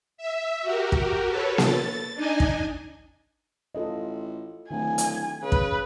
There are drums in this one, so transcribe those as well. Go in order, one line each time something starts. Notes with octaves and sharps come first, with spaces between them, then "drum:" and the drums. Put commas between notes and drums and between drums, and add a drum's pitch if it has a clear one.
E5
F#4 G4 A#4
drum: kick
A4 B4 C#5
A6, drum: snare A#3
D4 D#4 D#5 G#5
drum: kick
A1 F4 A4 D#5
D1 D#3 A3 G#5
drum: hi-hat
C#3 B4
drum: kick